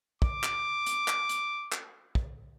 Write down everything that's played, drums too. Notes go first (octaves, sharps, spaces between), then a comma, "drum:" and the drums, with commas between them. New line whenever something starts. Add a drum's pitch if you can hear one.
D6, drum: kick
drum: clap
drum: hi-hat
drum: clap
drum: hi-hat
drum: clap
drum: kick